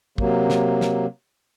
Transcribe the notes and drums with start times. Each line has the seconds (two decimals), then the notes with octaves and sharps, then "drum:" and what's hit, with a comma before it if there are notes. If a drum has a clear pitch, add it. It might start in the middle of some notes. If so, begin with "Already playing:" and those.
0.18 C3 F#3 A#3, drum: kick
0.50 drum: snare
0.81 drum: snare